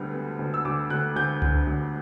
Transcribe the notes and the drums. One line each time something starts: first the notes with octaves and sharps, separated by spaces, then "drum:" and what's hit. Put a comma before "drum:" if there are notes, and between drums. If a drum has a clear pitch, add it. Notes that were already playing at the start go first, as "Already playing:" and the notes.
Already playing: D2 D3 G3 B3
B3
D2
E6
D2 D6
D2 F#6
D2 G6
D3, drum: tom C#2
D2